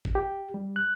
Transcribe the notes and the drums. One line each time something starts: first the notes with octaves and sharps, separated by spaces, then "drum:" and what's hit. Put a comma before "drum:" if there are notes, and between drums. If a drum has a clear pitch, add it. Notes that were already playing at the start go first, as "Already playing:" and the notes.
drum: kick G#1
G4
G3
F#6